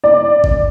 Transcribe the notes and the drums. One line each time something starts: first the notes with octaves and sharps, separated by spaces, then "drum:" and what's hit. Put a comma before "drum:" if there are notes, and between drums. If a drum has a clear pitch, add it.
D5
drum: kick G#1